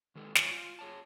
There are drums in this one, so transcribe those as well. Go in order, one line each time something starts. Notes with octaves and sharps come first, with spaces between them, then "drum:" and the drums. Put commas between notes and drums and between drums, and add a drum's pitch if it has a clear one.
D#3 G#3 A4
G#2 G3 F4 C#5 F5 G#5, drum: snare
F4
G#4 C#5 A5